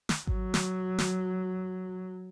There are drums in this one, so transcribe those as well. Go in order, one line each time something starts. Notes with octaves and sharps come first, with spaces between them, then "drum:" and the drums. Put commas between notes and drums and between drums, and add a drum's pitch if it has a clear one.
drum: snare
F#3, drum: kick G#1
drum: snare
drum: snare